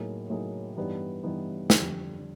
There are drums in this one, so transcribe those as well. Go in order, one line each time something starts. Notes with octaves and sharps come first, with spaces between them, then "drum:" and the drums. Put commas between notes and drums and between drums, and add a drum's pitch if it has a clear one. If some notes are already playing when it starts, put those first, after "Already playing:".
Already playing: A2 F#3 A#3 D#4 G#4
A2 F#3 A#3 D#4 G#4
G2 E3 G3 B3 D#4
G2 E3 G3 B3 D#4
F2 D3 G3, drum: snare
D3